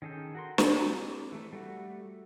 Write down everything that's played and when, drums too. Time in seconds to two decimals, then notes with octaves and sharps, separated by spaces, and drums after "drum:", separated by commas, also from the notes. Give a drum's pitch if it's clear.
0.02 D#3 C#4 G#4 A4 G5
0.35 F#4 A#4 C6
0.58 C4 E4 G4 G#5 A#5, drum: snare
1.32 E3 A3
1.53 G3 A3 F#4